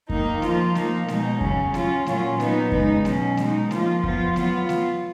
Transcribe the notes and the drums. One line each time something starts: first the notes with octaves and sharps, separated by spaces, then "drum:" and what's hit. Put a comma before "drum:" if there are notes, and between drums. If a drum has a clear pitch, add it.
D#3 A#3 D#4, drum: kick F2
F3 A#3 F4, drum: snare A3
F3 A#3 D#4, drum: snare A3
B2 G#3 D#4, drum: snare A3
C#3 F#3 C#4, drum: kick F2
F#3 C#4 F4, drum: snare A3
A#2 F#3 C#4 F4, drum: snare A3
F#3 B3 D#4, drum: snare A3
C#3 G#3 D#4, drum: kick F2
B2 F#3 C#4, drum: snare A3
B2 G#3 D#4, drum: snare A3
F3 A#3 F4, drum: snare A3
F3 B3 F4, drum: kick F2
F#3 B3 F4, drum: snare A3
drum: snare A3